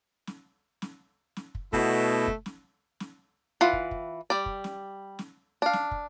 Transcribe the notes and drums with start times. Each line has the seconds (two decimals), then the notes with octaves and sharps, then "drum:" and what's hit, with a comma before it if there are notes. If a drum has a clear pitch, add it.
0.27 drum: snare
0.82 drum: snare
1.37 drum: snare
1.55 drum: kick
1.73 B2 A3 E4, drum: kick
2.27 drum: kick
2.46 drum: snare
3.00 drum: snare
3.61 E3 F4 F#5
3.73 drum: kick
3.91 drum: kick
4.30 G3 D5
4.46 drum: kick
4.64 drum: snare
5.19 drum: snare
5.62 D4 F5
5.73 drum: snare
5.91 drum: kick